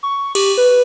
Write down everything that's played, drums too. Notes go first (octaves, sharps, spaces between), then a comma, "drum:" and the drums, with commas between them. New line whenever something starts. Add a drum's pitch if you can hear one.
C#6
G4, drum: cymbal
B4